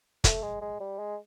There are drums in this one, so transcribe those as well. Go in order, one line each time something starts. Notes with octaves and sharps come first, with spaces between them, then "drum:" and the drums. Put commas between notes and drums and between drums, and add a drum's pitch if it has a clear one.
A3, drum: kick, hi-hat
G#3
G#3
G3
G#3